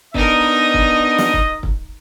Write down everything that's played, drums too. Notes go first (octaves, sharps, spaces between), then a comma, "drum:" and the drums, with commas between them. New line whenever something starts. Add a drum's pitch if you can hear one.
B3 D4 D#4 A#4 D#5, drum: kick
drum: kick
drum: snare
drum: kick
drum: kick